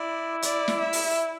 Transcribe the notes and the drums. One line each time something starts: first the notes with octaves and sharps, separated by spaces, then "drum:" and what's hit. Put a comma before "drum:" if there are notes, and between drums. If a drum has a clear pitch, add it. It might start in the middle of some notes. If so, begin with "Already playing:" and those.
Already playing: E4 D5
D5, drum: hi-hat
drum: snare
E5
drum: open hi-hat